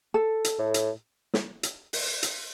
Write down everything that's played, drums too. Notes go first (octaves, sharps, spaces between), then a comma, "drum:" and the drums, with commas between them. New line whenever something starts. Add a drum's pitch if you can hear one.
A4
drum: hi-hat
A2
drum: hi-hat
drum: snare
drum: hi-hat
drum: open hi-hat
drum: hi-hat